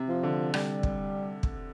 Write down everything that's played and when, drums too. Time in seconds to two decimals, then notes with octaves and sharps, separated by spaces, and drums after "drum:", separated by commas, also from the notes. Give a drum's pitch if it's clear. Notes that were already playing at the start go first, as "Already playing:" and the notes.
Already playing: C3
0.08 F3
0.23 D3
0.54 G3, drum: rim click
0.83 drum: kick
1.43 drum: kick